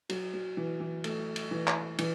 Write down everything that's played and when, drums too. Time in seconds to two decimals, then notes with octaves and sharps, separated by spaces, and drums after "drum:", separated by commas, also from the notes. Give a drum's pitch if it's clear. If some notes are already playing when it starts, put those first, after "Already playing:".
0.09 F#3, drum: cymbal
0.33 F#3
0.57 E3
0.80 E3
1.04 A3, drum: cymbal
1.36 drum: cymbal
1.51 E3
1.67 drum: clap
1.98 E3, drum: cymbal